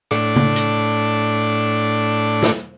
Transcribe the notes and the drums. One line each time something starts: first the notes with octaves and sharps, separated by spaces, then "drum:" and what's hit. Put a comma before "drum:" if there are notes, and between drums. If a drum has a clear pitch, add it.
A2 D4, drum: rim click
drum: tom C#3
drum: hi-hat
drum: snare